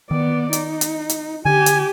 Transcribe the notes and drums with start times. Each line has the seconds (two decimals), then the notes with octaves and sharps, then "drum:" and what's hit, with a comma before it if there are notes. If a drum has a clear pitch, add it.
0.11 D#3 B3 D5
0.53 D#4, drum: hi-hat
0.81 drum: hi-hat
1.09 drum: hi-hat
1.45 D3 G4 G#5
1.66 drum: hi-hat